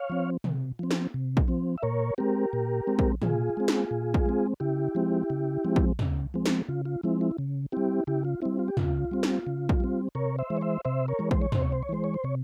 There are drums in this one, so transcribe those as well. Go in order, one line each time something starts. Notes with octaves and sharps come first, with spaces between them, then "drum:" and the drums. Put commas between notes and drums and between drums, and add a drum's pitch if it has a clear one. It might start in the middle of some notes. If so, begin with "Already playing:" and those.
Already playing: C#5 F5
F3 C4
C3, drum: tom
F3 C4
drum: snare
C3
drum: kick A#1
F3 C4
E5
A#2 A#4 C#5
G#3 C4 G4 A#4
A#2
G#3 C4
drum: kick A#1
A#2 F4 G#4, drum: tom
G#3 C4
drum: snare
A#2
drum: kick A#1
G#3 C4
C#3 E4 G4
F3 G#3 C4
C#3
F3 G#3 C4
drum: kick A#1
C#3, drum: tom
F3 G#3 C4
drum: snare
C#3 F4
F4
F3 G#3 C4 E4
E4
C#3
G3 C4 E4 G4
C#3 E4 G4
F4
G3 C4 E4
F4
G4
C#3 F4, drum: tom
G3 C4
drum: snare
C#3
drum: kick A#1
G3 C4
C3 A#4 C#5
C5 E5
E3 G#3
C#5
C5 E5
C3 C5 E5
A#4 C#5
E3 G#3
C5, drum: kick A#1
C#5
C3 C5, drum: tom
C#5
C5
C#5
E3 G#3 C5
C#5
C5
C3 C#5